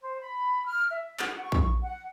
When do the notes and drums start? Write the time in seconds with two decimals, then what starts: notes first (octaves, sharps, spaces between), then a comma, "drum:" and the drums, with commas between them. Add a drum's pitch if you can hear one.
0.01 C5
0.20 B5
0.66 F6
0.91 E5
1.19 F#5, drum: clap
1.41 C#6
1.52 drum: kick
1.84 F#5